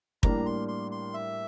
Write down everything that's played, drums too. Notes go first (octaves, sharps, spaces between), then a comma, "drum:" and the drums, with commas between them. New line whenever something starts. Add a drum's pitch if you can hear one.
A2 G3 A#3 D4 A#5, drum: kick
C6
C6
C6
E5